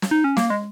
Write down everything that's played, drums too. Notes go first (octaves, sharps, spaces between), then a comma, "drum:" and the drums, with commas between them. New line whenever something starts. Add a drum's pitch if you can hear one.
drum: snare
D#4
C#4
A#3, drum: snare
G#3